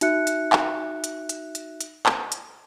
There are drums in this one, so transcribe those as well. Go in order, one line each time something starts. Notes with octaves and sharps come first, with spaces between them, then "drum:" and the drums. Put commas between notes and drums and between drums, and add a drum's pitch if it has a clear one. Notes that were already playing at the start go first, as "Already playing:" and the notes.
D#4 F#4 E5 F#6 C#7, drum: hi-hat
drum: hi-hat
drum: clap
drum: hi-hat
drum: hi-hat
drum: hi-hat
drum: hi-hat
drum: clap
drum: hi-hat